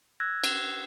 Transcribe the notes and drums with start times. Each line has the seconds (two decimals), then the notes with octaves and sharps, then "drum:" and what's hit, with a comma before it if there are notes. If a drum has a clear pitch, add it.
0.20 E6 F#6 G#6 A#6
0.44 drum: cymbal